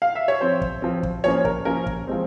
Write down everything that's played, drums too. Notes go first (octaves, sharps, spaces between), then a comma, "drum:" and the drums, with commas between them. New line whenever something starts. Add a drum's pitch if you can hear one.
F5
E5
C#5
F3 C4 C5
drum: kick
F3 C4
drum: kick
F3 A#3 C#4 C#5
A#4, drum: kick
F3 A#3 C#4 A#4
drum: kick
F3 G#3 C4